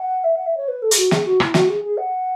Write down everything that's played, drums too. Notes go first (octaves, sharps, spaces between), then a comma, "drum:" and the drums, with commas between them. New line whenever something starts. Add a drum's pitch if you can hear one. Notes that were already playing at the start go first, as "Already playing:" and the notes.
Already playing: F#5
E5
F#5
E5
C#5
B4
A4
G#4, drum: hi-hat
F#4
G#4, drum: snare
F#4
E4, drum: rim click
F#4, drum: snare
G#4
G#4
F#5